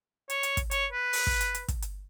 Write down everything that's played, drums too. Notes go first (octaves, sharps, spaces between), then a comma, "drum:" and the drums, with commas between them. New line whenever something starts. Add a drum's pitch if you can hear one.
C#5, drum: hi-hat
drum: hi-hat
drum: kick, hi-hat
C#5, drum: hi-hat
B4
drum: open hi-hat
drum: kick
drum: hi-hat
drum: hi-hat
drum: kick, hi-hat
drum: hi-hat